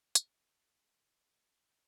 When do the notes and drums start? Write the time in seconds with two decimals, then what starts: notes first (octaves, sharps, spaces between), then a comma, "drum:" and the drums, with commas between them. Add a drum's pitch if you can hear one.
0.15 F2 A2 D3, drum: hi-hat
0.47 D#3
1.68 G3 D#4 A#4